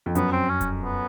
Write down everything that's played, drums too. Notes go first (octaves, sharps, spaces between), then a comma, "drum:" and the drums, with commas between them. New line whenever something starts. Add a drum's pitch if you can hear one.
F2
F#2 B3, drum: hi-hat
C4
C#4
drum: kick D#1, hi-hat
B3